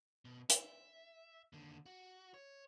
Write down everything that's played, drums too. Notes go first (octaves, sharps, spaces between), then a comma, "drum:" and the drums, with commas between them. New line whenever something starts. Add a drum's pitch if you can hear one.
B2
E5, drum: hi-hat
D#2 D3
F#4
C#5